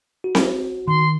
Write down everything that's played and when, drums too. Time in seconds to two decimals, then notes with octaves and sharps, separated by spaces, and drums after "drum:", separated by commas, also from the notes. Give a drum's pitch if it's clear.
0.24 F#4
0.35 drum: snare C4
0.88 D#3 C6